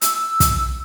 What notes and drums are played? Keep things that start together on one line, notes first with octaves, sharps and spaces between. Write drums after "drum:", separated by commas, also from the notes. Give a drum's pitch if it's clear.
E6, drum: hi-hat
drum: kick, hi-hat